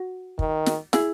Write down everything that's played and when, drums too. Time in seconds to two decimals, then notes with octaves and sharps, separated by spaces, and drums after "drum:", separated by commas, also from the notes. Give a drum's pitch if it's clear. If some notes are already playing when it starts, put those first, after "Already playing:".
Already playing: F#4
0.39 D#3, drum: kick
0.66 drum: snare
0.93 E4 G#4, drum: snare